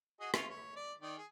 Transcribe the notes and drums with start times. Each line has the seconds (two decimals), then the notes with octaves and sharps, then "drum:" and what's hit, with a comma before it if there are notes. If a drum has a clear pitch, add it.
0.20 F#4 G#4 D#5
0.34 C#4 F4, drum: rim click
0.47 C#5
0.76 D5
1.01 D#3 D5
1.18 G#4